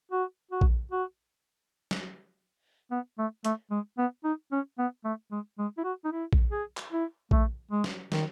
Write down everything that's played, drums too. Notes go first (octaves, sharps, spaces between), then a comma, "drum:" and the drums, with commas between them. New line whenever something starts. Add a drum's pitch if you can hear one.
F#4
F#4
drum: kick A#1
F#4
drum: snare
B3
A3
A3, drum: hi-hat
G#3
B3
D#4
C#4
B3
A3
G#3
G#3
E4
F#4
D#4
E4
drum: kick A#1
G#4
drum: clap
E4
A3, drum: kick A#1
G#3
drum: snare
D#3, drum: snare